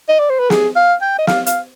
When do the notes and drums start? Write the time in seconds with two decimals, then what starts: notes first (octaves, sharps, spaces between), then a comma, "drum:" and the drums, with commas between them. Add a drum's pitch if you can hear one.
0.09 D#5
0.19 D5
0.30 C5
0.39 B4
0.50 G#4, drum: snare
0.76 F5
1.02 G5
1.19 D#5
1.27 F5, drum: snare
1.46 F5, drum: hi-hat